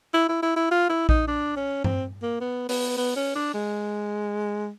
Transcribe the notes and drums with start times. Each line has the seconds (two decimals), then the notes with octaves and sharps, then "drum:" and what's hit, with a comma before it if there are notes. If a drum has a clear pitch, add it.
0.14 E4
0.29 E4
0.43 E4
0.56 E4
0.71 F4
0.89 E4
1.09 D#4, drum: kick A#1
1.28 D4
1.56 C#4
1.84 C4, drum: tom G2
2.22 A#3
2.40 B3
2.69 B3, drum: open hi-hat
2.97 B3
3.16 C#4
3.35 D4
3.54 G#3